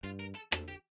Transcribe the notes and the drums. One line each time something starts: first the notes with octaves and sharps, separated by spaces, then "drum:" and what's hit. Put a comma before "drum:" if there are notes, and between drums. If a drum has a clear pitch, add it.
G2 F4
A#4
A4
A4, drum: rim click
G4